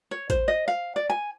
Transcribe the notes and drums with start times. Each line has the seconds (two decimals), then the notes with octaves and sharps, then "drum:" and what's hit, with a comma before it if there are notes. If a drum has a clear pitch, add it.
0.11 C#5
0.30 C5, drum: kick A1, hi-hat
0.48 D#5
0.68 F5
0.96 D5
1.10 G#5